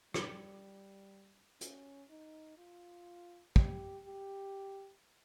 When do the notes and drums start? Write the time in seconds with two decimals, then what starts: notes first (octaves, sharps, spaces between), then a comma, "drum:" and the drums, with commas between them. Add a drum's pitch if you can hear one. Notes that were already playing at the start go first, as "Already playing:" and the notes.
0.14 G3, drum: rim click
1.61 C#4, drum: hi-hat
2.10 D#4
2.58 F4
3.56 G4, drum: kick
4.05 G4